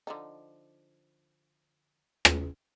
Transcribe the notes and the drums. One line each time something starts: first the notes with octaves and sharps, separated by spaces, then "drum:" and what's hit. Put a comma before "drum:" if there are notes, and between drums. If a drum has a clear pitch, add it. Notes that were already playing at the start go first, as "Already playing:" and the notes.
D3 F3 D#4
drum: rim click